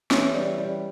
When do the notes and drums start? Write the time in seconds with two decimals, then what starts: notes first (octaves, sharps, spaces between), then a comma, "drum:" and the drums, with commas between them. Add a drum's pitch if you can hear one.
0.11 E3 C#4, drum: snare
0.34 G3
0.58 G3